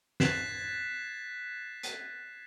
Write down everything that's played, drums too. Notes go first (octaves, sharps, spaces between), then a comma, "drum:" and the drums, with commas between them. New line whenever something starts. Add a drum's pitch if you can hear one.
F#6 G#6 A6 B6 C7 E7, drum: snare
drum: hi-hat